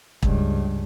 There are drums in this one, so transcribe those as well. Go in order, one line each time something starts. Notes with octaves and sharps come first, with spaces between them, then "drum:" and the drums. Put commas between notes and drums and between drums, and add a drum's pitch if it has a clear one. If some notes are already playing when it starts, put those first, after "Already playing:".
C#2 G2, drum: kick